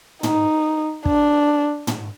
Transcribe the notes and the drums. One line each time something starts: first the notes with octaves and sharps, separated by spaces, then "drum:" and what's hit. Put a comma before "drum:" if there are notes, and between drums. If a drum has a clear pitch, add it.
D#4, drum: tom
D4, drum: kick
drum: tom